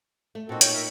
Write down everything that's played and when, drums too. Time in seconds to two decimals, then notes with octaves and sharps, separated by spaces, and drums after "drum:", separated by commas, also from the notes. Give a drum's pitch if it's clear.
0.35 A3
0.49 A#2 C4 D#4 F#4 A4
0.61 C#5 G5 C#6 G6, drum: hi-hat
0.74 A#4 E5